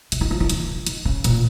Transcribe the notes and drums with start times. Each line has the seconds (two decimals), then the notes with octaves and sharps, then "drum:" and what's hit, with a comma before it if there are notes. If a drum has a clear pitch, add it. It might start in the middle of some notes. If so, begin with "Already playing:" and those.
0.12 C#3, drum: hi-hat
0.21 D#3
0.31 F3
0.40 D#3
0.50 C#3, drum: hi-hat
0.87 D#3, drum: hi-hat
1.05 C#3
1.24 A#2, drum: hi-hat